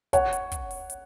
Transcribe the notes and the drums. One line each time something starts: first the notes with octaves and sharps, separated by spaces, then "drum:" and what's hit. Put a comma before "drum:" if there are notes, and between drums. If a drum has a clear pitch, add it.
C#5 F#5, drum: kick, hi-hat
drum: hi-hat
drum: kick, hi-hat
drum: open hi-hat
drum: hi-hat